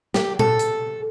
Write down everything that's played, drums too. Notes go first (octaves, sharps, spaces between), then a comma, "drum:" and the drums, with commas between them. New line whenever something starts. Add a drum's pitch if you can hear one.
G4, drum: snare
A4, drum: tom A#2
drum: hi-hat